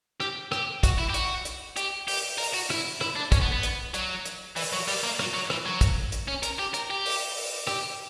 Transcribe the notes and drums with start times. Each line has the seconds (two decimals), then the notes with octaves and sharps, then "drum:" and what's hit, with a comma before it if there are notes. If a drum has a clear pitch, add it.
0.20 G4, drum: rim click
0.52 G4, drum: rim click
0.83 F#4, drum: kick, hi-hat
0.98 E4
1.09 G4
1.14 F#4, drum: hi-hat
1.45 drum: hi-hat
1.76 G4, drum: hi-hat
2.08 G4, drum: open hi-hat
2.38 A#4, drum: open hi-hat
2.54 F#4
2.70 E4, drum: rim click
3.01 E4, drum: rim click
3.16 D4
3.32 C#4, drum: kick, hi-hat
3.42 B3
3.52 B3
3.63 drum: hi-hat
3.94 F#3, drum: hi-hat
4.25 drum: hi-hat
4.56 E3, drum: open hi-hat
4.73 F#3
4.88 G3, drum: open hi-hat
5.04 A#3
5.19 F#3, drum: rim click
5.34 F#3
5.50 E3, drum: rim click
5.66 F#3
5.81 drum: kick, hi-hat
6.12 drum: hi-hat
6.28 C#4
6.43 A#4, drum: hi-hat
6.59 G4
6.74 A#4, drum: hi-hat
6.90 G4
7.06 drum: open hi-hat
7.37 drum: open hi-hat
7.67 G4, drum: rim click